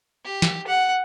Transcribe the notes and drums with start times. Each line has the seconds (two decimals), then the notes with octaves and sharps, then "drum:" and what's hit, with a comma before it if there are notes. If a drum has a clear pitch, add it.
0.25 G4
0.42 drum: snare
0.67 F#5